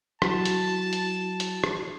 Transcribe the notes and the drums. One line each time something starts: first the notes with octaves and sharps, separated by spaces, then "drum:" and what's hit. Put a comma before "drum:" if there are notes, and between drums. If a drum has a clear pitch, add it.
F#3 E4 F#4 A5, drum: rim click
drum: hi-hat
drum: hi-hat
drum: hi-hat
drum: rim click